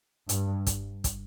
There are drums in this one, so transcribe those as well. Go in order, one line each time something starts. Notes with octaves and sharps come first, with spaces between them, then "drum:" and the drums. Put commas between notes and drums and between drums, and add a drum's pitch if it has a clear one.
G2, drum: hi-hat
drum: kick, hi-hat
drum: kick, hi-hat